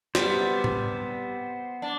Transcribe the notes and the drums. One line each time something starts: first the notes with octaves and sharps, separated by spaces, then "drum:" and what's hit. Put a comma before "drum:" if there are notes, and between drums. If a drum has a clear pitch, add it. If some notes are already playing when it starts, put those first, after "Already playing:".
C3 G3 B3 C5, drum: snare
drum: tom G#2
D4